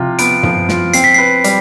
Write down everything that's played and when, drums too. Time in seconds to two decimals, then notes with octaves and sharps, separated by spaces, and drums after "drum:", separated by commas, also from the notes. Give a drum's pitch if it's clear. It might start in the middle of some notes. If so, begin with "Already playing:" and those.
Already playing: C3 F3 F4
0.19 B3 D7, drum: hi-hat
0.43 F3, drum: tom
0.69 F4, drum: snare
0.94 C4 C7, drum: hi-hat
1.04 B6
1.14 B4 C7
1.44 G3, drum: hi-hat